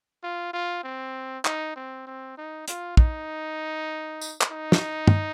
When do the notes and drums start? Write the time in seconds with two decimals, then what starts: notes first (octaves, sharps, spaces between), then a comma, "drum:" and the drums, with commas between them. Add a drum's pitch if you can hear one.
0.23 F4
0.53 F4
0.84 C4
1.45 D#4, drum: clap
1.76 C4
2.07 C4
2.37 D#4
2.68 F4, drum: hi-hat
2.97 D#4, drum: kick
4.21 drum: tambourine
4.41 drum: clap
4.51 D#4
4.72 drum: snare
5.07 drum: tom